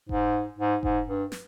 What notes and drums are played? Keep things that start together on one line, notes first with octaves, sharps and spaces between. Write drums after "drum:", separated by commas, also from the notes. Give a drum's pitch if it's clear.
G#2, drum: kick F1
G#2
G#2, drum: kick F1
G2
drum: snare